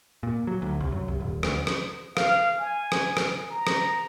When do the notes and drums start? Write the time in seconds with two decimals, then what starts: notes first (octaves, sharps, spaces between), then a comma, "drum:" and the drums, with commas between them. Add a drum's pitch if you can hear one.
0.23 A#2
0.47 F#3
0.62 D2
0.80 C2
0.92 F#2
1.08 C2
1.20 D#1
1.43 D2, drum: rim click
1.67 drum: rim click
2.17 F5, drum: rim click
2.58 G#5
2.92 drum: rim click
3.17 drum: rim click
3.50 A#5
3.67 drum: rim click